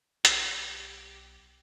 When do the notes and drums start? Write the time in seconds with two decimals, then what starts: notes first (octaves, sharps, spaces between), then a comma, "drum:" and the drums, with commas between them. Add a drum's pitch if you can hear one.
0.25 B1 G4, drum: hi-hat